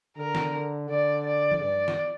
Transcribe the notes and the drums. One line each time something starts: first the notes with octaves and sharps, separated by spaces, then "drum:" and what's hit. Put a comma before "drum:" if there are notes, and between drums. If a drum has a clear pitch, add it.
D3 A#4
drum: snare
D3 D5
D5
drum: tom E3
G2 D5
drum: snare